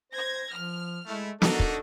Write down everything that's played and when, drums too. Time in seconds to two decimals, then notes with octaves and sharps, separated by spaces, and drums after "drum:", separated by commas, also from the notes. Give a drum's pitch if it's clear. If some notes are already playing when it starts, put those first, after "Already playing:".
0.12 C5 G#6 A#6
0.52 F3 F6
1.07 G#3 A3 E4
1.42 D4 D#4 F#4 A4 A#4, drum: snare
1.60 drum: kick